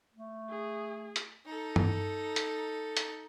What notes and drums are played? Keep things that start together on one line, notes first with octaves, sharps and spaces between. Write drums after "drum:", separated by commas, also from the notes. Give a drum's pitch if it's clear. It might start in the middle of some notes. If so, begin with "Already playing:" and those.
A3
G#4
drum: hi-hat
D#4 A4
drum: tom G2
drum: hi-hat
drum: hi-hat